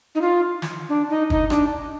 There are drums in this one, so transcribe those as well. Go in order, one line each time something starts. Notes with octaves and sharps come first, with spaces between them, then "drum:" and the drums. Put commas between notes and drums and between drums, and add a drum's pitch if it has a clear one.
D#4
F4
drum: snare
D4
D#4
D#4, drum: kick
D4, drum: rim click